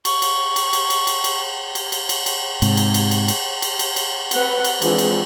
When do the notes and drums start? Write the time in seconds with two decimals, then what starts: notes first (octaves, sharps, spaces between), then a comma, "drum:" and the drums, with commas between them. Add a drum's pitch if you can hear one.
0.05 C#6, drum: cymbal
0.22 drum: cymbal
0.56 drum: cymbal
0.73 drum: cymbal
0.90 drum: cymbal
1.07 drum: cymbal
1.24 drum: cymbal
1.75 drum: cymbal
1.92 drum: cymbal
2.09 drum: cymbal
2.26 drum: cymbal
2.62 G#2 C3, drum: cymbal
2.77 drum: cymbal
2.94 drum: cymbal
3.11 drum: cymbal
3.28 drum: cymbal
3.62 drum: cymbal
3.79 drum: cymbal
3.96 drum: cymbal
4.31 C4 B4 F#5, drum: cymbal
4.64 drum: cymbal
4.82 E3 F3 G#3 C4 D4 G#4, drum: cymbal
4.98 drum: cymbal